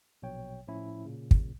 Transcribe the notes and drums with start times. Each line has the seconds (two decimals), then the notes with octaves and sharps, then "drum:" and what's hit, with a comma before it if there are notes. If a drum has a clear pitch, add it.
0.22 A#1 B2 F#3 C#5 G5
0.68 A2 F3 C#4 E4
1.05 A#2 C#3
1.31 drum: kick